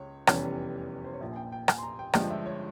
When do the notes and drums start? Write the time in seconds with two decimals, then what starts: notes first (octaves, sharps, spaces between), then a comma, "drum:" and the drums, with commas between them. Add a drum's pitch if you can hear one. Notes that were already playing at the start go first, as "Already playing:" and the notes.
Already playing: C#2 C#3 C#5
0.27 F1 E2 E3 G3 C#4 C#5, drum: rim click
1.05 C5
1.13 C#5
1.20 A#1 A#2 F3 E5
1.31 G#5
1.36 G5
1.52 G5
1.68 G#5, drum: rim click
1.78 C6
1.83 A#5
1.99 G5
2.14 G1 G2 F3 G#3 G5, drum: rim click
2.30 E5
2.46 C#5